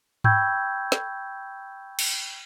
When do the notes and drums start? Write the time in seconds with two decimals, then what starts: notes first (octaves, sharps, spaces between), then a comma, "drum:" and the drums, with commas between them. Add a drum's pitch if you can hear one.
0.24 G5 B5 C#6 E6 G6 G#6, drum: tom G#2
0.92 drum: snare
1.99 drum: cymbal